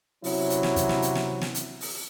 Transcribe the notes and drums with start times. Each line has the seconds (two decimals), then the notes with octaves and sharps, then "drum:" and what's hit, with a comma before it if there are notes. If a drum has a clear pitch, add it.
0.24 C3 F#3 C#4 E4, drum: open hi-hat
0.50 drum: hi-hat
0.63 drum: snare
0.76 drum: kick, hi-hat
0.89 drum: snare
1.02 drum: hi-hat
1.15 drum: snare
1.41 drum: snare
1.54 drum: hi-hat
1.81 drum: open hi-hat